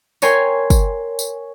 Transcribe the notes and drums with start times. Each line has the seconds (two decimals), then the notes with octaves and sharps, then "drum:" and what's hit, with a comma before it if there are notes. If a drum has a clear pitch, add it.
0.22 A#4 C#5 G5 G#5 C6, drum: tambourine
0.70 drum: kick, tambourine
1.19 drum: tambourine